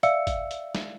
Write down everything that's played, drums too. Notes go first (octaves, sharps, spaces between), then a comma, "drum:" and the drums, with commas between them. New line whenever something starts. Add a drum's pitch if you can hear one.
D5 E5 F5 E6 C#7, drum: hi-hat
drum: kick G#1, hi-hat
drum: hi-hat
drum: snare